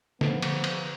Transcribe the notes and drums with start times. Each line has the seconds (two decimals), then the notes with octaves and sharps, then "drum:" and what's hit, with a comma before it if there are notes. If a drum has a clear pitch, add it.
0.21 D3 F3 B3, drum: snare
0.42 drum: cymbal
0.64 drum: cymbal